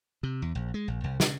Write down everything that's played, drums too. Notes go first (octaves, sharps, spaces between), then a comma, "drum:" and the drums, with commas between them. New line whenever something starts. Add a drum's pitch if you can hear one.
C3
E2
A#1
G#3
A#1
C2
C#3, drum: snare